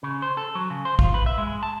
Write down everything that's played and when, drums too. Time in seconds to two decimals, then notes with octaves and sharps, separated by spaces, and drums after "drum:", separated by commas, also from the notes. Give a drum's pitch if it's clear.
0.03 C#3
0.22 C5
0.37 A4
0.55 F#3
0.70 C#3
0.85 C5
0.99 F4, drum: kick
1.14 B4
1.26 E5
1.38 G#3
1.63 A5